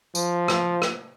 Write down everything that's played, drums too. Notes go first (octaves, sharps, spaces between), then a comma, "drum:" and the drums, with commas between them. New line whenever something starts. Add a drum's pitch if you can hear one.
F3, drum: tambourine
drum: rim click
drum: rim click